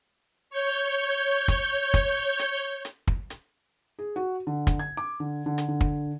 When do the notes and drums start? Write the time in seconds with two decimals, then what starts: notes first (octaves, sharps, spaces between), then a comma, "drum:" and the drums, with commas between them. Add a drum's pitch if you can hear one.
0.50 C#5 G6
1.48 drum: kick, hi-hat
1.94 drum: kick, hi-hat
2.39 drum: hi-hat
2.85 drum: hi-hat
3.07 drum: kick
3.30 drum: hi-hat
3.99 G#4
4.16 F#4
4.47 D3
4.67 drum: kick, hi-hat
4.79 G#6
4.97 D6
5.20 D3
5.46 D3
5.58 drum: hi-hat
5.68 D3
5.81 drum: kick